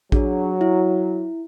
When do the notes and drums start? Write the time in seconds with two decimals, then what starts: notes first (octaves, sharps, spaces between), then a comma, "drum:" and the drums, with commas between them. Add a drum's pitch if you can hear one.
0.12 F#3 D4 G#4, drum: kick A1
0.61 E4